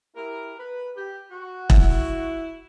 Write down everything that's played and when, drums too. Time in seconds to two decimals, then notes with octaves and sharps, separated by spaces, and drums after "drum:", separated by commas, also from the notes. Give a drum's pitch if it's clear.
0.16 E4 G4 A#4
0.59 B4
0.96 G4
1.32 F#4
1.70 E4, drum: kick E1